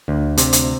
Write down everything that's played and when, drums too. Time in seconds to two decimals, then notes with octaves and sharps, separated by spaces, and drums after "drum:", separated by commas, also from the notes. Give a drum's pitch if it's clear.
0.08 D2
0.37 C3, drum: hi-hat
0.53 drum: hi-hat